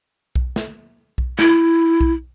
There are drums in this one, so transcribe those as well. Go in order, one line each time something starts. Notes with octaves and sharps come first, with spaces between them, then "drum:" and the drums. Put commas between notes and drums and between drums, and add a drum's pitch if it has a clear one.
drum: kick B1
drum: snare
drum: kick B1
E4, drum: snare
drum: kick B1